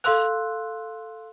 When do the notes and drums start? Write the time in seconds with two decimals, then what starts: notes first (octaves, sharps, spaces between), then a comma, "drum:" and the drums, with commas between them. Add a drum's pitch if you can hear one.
0.04 A4 F5 C6 E6 F#6, drum: open hi-hat